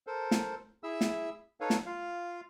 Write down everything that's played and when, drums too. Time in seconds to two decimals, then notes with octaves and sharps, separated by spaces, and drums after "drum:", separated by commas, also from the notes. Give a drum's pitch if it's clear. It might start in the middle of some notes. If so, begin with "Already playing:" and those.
0.07 A4 A#4 C5
0.31 drum: snare
0.83 E4 G#4 E5 E6
1.01 drum: snare
1.60 D#4 A4 B4 C#5 F5
1.70 drum: snare
1.86 F4 F5